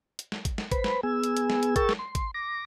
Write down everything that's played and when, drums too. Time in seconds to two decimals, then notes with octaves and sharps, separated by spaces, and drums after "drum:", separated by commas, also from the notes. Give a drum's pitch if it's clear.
0.19 drum: hi-hat
0.32 drum: snare
0.45 drum: kick, hi-hat
0.58 drum: snare
0.71 B4 C5 B5, drum: kick, hi-hat
0.84 drum: snare
1.03 B3 G#4 G#5 E6
1.24 drum: hi-hat
1.37 drum: hi-hat
1.50 drum: snare
1.63 drum: hi-hat
1.76 G#4 A#4 G5 C#6 E6 A6, drum: kick, hi-hat
1.89 drum: snare
1.99 C6
2.15 drum: kick, hi-hat
2.34 D6 A#6